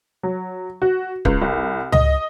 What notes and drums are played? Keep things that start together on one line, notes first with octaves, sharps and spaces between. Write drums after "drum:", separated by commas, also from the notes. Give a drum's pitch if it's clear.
F#3
F#4
C#2, drum: kick
C2
D#5, drum: tom C#2